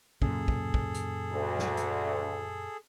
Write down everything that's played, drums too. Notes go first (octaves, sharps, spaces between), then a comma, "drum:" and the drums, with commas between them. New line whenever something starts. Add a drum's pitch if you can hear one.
F#2 A#2 C#3 G#4 A4, drum: kick
drum: kick
drum: kick
drum: hi-hat
D2
drum: snare
drum: hi-hat